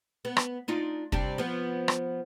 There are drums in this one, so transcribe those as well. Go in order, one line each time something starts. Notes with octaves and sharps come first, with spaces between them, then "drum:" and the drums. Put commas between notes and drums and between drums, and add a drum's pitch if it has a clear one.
B3
drum: rim click
D4 D#4 F4
C3 G3 D4, drum: kick
F3 B3
drum: rim click